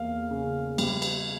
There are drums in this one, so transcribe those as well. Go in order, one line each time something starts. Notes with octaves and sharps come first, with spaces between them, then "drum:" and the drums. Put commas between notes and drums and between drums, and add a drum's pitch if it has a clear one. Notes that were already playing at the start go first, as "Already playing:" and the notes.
Already playing: E2 A#3 F5
C#3
G3, drum: cymbal
drum: cymbal